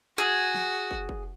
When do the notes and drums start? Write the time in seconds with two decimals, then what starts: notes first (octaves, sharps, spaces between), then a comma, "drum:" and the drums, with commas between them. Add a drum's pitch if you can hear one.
0.18 F#4 G#4
0.54 drum: snare
0.91 drum: kick
1.09 drum: kick